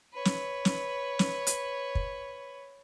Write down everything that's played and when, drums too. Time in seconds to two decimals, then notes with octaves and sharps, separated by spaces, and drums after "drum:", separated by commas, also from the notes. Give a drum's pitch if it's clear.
0.13 B4 C#5
0.25 drum: snare
0.65 drum: snare
1.19 drum: snare
1.47 drum: hi-hat
1.95 drum: kick